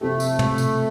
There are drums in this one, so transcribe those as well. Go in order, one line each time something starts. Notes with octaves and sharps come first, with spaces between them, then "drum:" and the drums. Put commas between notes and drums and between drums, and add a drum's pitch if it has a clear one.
C3 F3 A3 C4 G4
drum: tambourine
drum: tom
drum: tambourine